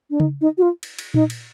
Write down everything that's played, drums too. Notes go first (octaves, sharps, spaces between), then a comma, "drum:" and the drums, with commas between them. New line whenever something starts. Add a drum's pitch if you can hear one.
D4
D#4, drum: tom C#3
D#4
F#4
F4
drum: cymbal
drum: cymbal
D#4, drum: tom A#2
drum: cymbal